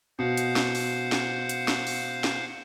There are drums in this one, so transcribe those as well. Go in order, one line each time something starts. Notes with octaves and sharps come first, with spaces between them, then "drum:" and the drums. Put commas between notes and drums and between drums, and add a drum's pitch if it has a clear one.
B2 C5 F5 F#5
drum: hi-hat
drum: snare
drum: open hi-hat
drum: snare
drum: hi-hat
drum: snare
drum: open hi-hat
drum: snare